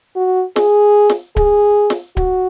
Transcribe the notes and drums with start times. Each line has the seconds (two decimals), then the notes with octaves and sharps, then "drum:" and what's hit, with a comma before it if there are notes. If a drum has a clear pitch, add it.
0.16 F#4
0.56 G#4, drum: snare
1.10 drum: snare
1.36 G#4, drum: kick D1
1.90 drum: snare
2.17 F#4, drum: kick D1